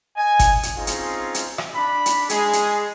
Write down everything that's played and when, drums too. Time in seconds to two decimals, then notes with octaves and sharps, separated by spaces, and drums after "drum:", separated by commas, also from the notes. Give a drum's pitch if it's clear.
0.17 D#5 G#5
0.39 drum: kick G1, hi-hat
0.63 drum: hi-hat
0.78 C4 C#4 D#4 F4 G#4
0.87 drum: hi-hat
1.34 drum: hi-hat
1.58 drum: rim click
1.76 D4 B5
2.06 drum: hi-hat
2.29 G#3 G#4, drum: hi-hat
2.53 drum: hi-hat